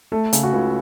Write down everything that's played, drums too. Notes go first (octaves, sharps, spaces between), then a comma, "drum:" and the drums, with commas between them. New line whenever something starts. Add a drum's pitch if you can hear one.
A3 A4
C#3, drum: hi-hat
F#4
C#2